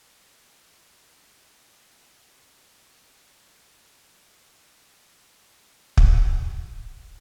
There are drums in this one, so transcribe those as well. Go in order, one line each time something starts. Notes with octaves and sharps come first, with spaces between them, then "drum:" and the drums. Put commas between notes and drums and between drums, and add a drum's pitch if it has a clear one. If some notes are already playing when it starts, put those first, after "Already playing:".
Already playing: D3 G3
G3
G4
C#3 F#4 A4
F#3 A3 B3
B3
C#3 C#4
B3 D4
F#3 A3
C#4 E4
C#3 F#4 A4
F#3 A3
C#3 A4 C#5
F#4 A4
F#3 A3
E4 G4
C#3 D4 F#4
D4
G3 C#4 E4
C#3 E4
D4
drum: kick